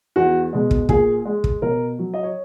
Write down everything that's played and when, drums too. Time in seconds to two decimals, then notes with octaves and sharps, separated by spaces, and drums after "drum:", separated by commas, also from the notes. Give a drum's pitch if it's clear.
0.16 E2 F#4
0.53 B2 G#3
0.71 drum: kick
0.89 A#2 G#4, drum: kick
1.25 G#3
1.44 drum: kick
1.62 B2 A#4
1.99 F#3
2.14 D#5
2.24 C#5